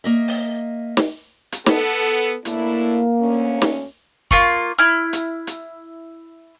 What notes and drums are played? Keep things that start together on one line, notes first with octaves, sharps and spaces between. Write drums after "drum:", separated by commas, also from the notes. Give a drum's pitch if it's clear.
A#3 D#5 E5
drum: open hi-hat
drum: snare
drum: hi-hat
B3 A4, drum: snare
A2 A#3 D4 E4, drum: hi-hat
D2 C#4
drum: snare
A#3 F4 C#6, drum: kick
E4 F6
drum: hi-hat
drum: hi-hat